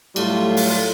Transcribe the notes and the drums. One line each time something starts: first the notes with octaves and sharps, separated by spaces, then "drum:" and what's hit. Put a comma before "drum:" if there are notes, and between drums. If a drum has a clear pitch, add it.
A2 F#3 G3 A3 F4, drum: cymbal
drum: open hi-hat